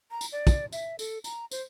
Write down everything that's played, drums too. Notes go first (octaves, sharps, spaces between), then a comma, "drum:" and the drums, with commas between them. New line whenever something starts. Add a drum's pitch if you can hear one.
A#5
drum: tambourine
D5
drum: kick, tambourine
E5, drum: tambourine
A4, drum: tambourine
A#5, drum: tambourine
C5, drum: tambourine